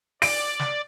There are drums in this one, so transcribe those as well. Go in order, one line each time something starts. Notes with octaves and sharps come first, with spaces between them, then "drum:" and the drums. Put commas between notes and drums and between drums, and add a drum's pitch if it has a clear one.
D5 D7, drum: open hi-hat
drum: snare